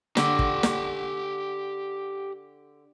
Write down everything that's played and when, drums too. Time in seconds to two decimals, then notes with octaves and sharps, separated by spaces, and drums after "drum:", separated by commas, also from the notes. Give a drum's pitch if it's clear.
0.17 D3 G4 F#5, drum: snare
0.39 drum: kick
0.63 drum: snare